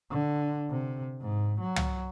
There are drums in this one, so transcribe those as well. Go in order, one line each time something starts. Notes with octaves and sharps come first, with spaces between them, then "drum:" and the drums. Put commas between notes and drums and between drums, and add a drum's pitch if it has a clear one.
D3
C3
G#2
F#3
drum: tom